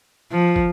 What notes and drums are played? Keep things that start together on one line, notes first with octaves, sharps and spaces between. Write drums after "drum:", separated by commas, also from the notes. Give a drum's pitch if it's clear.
F3
drum: kick